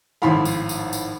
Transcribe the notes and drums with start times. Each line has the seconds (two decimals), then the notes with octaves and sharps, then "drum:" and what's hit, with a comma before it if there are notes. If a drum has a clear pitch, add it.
0.22 G#1 A2 F3 F4 F5 B5, drum: rim click
0.45 drum: tambourine
0.69 drum: tambourine
0.93 drum: tambourine